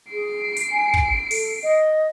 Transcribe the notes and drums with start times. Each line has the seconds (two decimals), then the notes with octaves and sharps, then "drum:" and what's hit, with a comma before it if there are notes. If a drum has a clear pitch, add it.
0.12 G#4 C7 D7
0.56 drum: hi-hat
0.71 G#5
0.94 drum: kick
1.31 A4, drum: open hi-hat
1.63 D#5